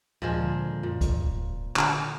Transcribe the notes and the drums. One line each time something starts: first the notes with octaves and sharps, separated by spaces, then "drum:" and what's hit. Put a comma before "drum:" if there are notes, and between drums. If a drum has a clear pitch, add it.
D#2 A#2 F3 G#3
D3
F#2 A#2
drum: kick, hi-hat
D2
D#1
D3, drum: clap